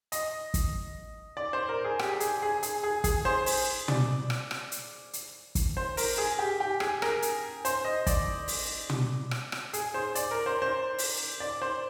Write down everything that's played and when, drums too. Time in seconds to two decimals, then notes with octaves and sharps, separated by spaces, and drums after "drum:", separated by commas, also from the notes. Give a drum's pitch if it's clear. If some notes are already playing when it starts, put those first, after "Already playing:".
0.12 D#5, drum: hi-hat
0.54 drum: kick, hi-hat
1.37 D5
1.53 C5
1.69 A#4
1.85 G#4
1.99 G4, drum: rim click
2.20 G#4, drum: hi-hat
2.42 G#4
2.63 G#4, drum: hi-hat
2.84 G#4
3.04 G#4, drum: kick, hi-hat
3.25 C5
3.46 drum: open hi-hat
3.88 D5, drum: tom
4.30 drum: rim click
4.51 drum: rim click
4.72 drum: hi-hat
5.13 drum: hi-hat
5.55 drum: kick, hi-hat
5.77 C5
5.97 A#4, drum: open hi-hat
6.18 G#4
6.39 G4
6.60 G4
6.80 G#4, drum: rim click
7.02 A#4, drum: rim click
7.22 drum: hi-hat
7.65 C5, drum: hi-hat
7.85 D#5
8.07 D5, drum: kick, hi-hat
8.48 drum: open hi-hat
8.90 drum: tom
9.31 drum: rim click
9.52 drum: rim click
9.73 G#4, drum: hi-hat
9.94 C5
10.15 D5, drum: hi-hat
10.31 A#4
10.46 C5
10.62 C5
10.98 drum: open hi-hat
11.40 D5
11.62 C5